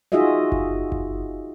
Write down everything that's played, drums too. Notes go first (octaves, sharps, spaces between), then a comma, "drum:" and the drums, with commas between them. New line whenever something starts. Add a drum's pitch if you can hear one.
D#4 F4 F#4 G#4 D#5 E5
drum: kick F#1
drum: kick F#1